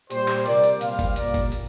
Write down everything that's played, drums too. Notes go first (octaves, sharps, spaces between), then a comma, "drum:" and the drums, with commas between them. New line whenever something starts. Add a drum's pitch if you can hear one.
A#2 G3 G4 C5, drum: hi-hat
drum: clap
C3 G3 A#4 D5, drum: hi-hat
drum: hi-hat
A#2 G3 C5 F5, drum: hi-hat
drum: kick G1, hi-hat
A#2 G3 A#4 D5, drum: hi-hat
drum: kick G1, hi-hat
drum: hi-hat